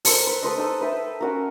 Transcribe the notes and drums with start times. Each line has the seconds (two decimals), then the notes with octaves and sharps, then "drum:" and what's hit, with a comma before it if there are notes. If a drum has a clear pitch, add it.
0.05 A4 A#4 C5, drum: open hi-hat
0.27 B4
0.43 A4 B4 C5 D#5
0.57 D#4 A4
0.81 B4 E5 G5
1.21 C#4 F#4 A#4